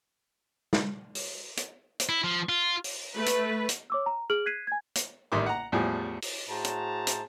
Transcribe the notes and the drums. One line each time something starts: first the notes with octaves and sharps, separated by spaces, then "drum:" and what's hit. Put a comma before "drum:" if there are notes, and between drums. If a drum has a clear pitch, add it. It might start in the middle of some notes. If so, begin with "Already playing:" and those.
drum: snare
drum: open hi-hat
drum: hi-hat
drum: hi-hat
E4
F3
F4
drum: open hi-hat
A3 B4
drum: hi-hat
drum: hi-hat
C#5 D6 E6
A#5
G#4 F6 D7 F#7
F#6 G#6 B6 C7 D#7
G#5 G#6
drum: hi-hat
A1 D#3 G3 E5 C6 D6
F#5 A#5
E2 A2 F3 G3 G#4
drum: open hi-hat
A2 F#4 G#4 C5 A5 A#5
drum: hi-hat
drum: hi-hat